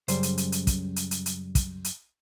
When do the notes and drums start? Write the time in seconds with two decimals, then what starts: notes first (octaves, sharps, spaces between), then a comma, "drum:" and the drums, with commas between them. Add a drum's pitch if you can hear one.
0.08 F#2 C#3 G3 C5, drum: hi-hat
0.23 drum: hi-hat
0.38 drum: hi-hat
0.52 drum: hi-hat
0.67 drum: kick, hi-hat
0.96 drum: hi-hat
1.11 drum: hi-hat
1.26 drum: hi-hat
1.55 drum: kick, hi-hat
1.84 drum: hi-hat